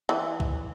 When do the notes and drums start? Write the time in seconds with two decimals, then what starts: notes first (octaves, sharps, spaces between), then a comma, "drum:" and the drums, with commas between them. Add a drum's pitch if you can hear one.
0.09 E3
0.40 drum: kick C2